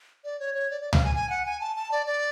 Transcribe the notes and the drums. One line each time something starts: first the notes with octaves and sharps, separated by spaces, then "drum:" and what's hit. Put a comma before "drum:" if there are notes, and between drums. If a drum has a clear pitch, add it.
D5
C#5
C#5
D5
D5
F5, drum: tom C#2
G#5
G#5
F#5
G#5
A5
A5
D5
D5